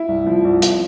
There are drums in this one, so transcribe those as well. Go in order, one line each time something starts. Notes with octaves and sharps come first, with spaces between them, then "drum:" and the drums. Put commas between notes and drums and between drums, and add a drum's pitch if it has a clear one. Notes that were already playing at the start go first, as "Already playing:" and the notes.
Already playing: E4
C2
F3
C2
drum: hi-hat